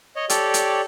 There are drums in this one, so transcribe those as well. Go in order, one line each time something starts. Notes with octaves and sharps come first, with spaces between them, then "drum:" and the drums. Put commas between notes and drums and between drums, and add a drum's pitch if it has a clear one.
C#5 D#5
G4 A4 C#5 D5, drum: hi-hat
drum: hi-hat